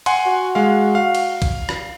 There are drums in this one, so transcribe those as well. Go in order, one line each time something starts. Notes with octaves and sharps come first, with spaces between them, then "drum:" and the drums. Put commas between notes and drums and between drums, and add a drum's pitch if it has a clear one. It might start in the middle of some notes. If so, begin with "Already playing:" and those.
F#5 G#5 C6, drum: cymbal
F#4
G#3 F5
F5
drum: cymbal
drum: kick, cymbal
drum: rim click